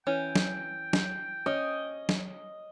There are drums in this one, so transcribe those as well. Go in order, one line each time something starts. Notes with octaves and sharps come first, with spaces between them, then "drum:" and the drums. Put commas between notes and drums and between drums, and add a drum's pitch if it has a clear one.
E3 C#4 G5
drum: snare F#3
drum: snare F#3
C#4 D#5
drum: snare F#3